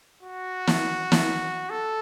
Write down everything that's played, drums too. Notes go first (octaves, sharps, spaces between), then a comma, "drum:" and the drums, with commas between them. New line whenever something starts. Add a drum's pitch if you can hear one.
F#4
drum: snare
drum: snare
A4